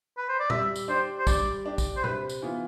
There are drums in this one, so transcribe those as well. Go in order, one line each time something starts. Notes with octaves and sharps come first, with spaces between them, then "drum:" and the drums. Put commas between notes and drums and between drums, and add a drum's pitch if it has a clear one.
B4
C5
D5
G3 E5, drum: tom A#2
drum: tambourine
D4 G4 C5
C5
G3 D5, drum: kick, tambourine
D4 G4
drum: kick, tambourine
C5
C3 B4, drum: tom A#2
drum: tambourine
E3 B3 F4